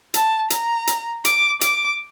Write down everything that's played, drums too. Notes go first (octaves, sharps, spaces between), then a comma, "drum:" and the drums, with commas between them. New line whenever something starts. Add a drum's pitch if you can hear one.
A5, drum: hi-hat
A#5, drum: hi-hat
drum: hi-hat
D6, drum: hi-hat
D6, drum: hi-hat